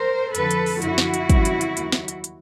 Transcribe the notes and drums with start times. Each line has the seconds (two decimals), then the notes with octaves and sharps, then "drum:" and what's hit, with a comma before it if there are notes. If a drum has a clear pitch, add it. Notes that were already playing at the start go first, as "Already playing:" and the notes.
Already playing: A#4 C5
0.35 F2 D3 F3 A4 B4, drum: hi-hat
0.51 drum: hi-hat
0.66 drum: open hi-hat
0.82 F#2 D3 F3 E4 F#4, drum: hi-hat
0.98 drum: snare
1.14 drum: hi-hat
1.30 F2 C#3 E3 G3, drum: kick, hi-hat
1.45 drum: hi-hat
1.61 drum: hi-hat
1.77 D#2 D#3 F#3, drum: hi-hat
1.92 drum: snare
2.08 drum: hi-hat
2.24 drum: hi-hat